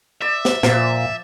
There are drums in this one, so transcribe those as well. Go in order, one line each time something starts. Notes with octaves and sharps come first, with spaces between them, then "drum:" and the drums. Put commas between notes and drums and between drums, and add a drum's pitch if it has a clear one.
D5 E5 E6
drum: snare
A#2 F3, drum: snare